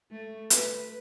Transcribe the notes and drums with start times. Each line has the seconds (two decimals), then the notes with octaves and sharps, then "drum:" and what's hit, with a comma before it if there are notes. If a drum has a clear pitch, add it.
0.12 A3
0.50 B4, drum: hi-hat